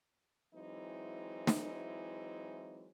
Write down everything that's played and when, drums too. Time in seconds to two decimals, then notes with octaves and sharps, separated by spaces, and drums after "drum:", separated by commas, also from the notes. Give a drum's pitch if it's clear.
0.54 E3 F#3 G#3 C4 D#4 E4
1.47 drum: snare